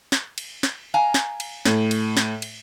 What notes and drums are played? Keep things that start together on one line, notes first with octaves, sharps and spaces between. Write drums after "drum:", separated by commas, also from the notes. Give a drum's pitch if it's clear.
drum: snare
drum: cymbal
drum: snare
F5 G#5 A#5
drum: snare
drum: cymbal
A2, drum: snare
drum: cymbal
drum: snare
drum: cymbal